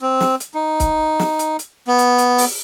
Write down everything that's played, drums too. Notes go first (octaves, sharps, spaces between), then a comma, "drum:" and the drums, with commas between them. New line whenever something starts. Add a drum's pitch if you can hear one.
C4
drum: snare
drum: hi-hat
D#4
drum: kick, hi-hat
drum: snare
drum: hi-hat
drum: hi-hat
B3
drum: hi-hat
drum: hi-hat
drum: open hi-hat